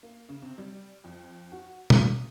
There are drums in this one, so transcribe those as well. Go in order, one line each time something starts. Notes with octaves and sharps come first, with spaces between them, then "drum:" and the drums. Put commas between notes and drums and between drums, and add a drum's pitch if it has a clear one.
A#3
C#3
C3
G3
F2
F#4
D#6, drum: tom